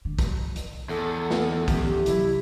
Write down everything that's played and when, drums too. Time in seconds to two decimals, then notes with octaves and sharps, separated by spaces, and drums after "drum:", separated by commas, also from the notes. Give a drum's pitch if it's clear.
0.05 D3
0.19 drum: kick, hi-hat
0.56 drum: hi-hat
0.89 E2 A4
1.31 drum: snare
1.68 D3 C#4 G4, drum: kick, hi-hat
2.06 C3 F#3 E4, drum: hi-hat